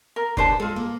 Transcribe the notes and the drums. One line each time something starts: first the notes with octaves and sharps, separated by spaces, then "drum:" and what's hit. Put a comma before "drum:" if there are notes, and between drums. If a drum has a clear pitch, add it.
A#4
B2 C#4 D4 G4 C5 A5, drum: kick F1
G#3 F4 A4
A#3